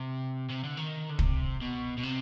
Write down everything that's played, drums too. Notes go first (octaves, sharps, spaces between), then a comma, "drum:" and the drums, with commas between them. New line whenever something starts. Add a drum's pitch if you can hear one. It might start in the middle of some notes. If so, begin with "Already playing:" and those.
Already playing: C3
C3
D3
D#3
D3
C3, drum: kick
B2
B2
C3